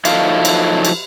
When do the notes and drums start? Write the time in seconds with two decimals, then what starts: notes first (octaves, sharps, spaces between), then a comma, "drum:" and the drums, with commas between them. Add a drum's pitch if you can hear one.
0.05 F3 F#3 D#4 E4 A4 F5, drum: cymbal
0.45 drum: cymbal
0.85 drum: cymbal